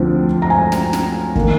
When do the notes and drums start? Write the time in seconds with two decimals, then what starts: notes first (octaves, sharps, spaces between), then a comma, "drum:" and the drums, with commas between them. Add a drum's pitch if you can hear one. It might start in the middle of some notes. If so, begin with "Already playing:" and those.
Already playing: D2 D3 F3 C4
0.42 A#5
0.50 G#5
0.72 drum: snare
0.93 drum: snare
1.35 D#3 A#3, drum: kick